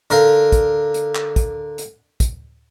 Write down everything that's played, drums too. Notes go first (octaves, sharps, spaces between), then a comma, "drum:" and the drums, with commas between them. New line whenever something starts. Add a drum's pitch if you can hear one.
D3 A#4 F5, drum: hi-hat
drum: kick, hi-hat
drum: hi-hat
drum: clap
drum: kick, hi-hat
drum: hi-hat
drum: kick, hi-hat